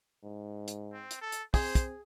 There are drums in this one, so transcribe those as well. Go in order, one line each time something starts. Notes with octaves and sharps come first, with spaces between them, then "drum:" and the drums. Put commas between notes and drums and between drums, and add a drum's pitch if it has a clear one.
G#2
drum: hi-hat
C4
drum: hi-hat
A4
drum: hi-hat
C4 G#4 C5, drum: kick, open hi-hat
drum: kick, hi-hat